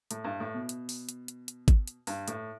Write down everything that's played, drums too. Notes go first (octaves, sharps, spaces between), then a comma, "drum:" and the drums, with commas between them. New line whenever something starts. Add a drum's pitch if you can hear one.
A2, drum: hi-hat
G2
A2
B2
drum: hi-hat
drum: open hi-hat
drum: hi-hat
drum: hi-hat
drum: hi-hat
drum: kick G#1, hi-hat
drum: hi-hat
G2, drum: open hi-hat
A2, drum: hi-hat